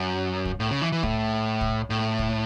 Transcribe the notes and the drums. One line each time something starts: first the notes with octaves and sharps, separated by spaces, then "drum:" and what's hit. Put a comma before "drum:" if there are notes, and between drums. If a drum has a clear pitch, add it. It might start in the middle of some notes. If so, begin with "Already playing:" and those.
Already playing: F#2
drum: kick
A2
C#3
E3
E3
A2, drum: kick
drum: kick
A2
drum: kick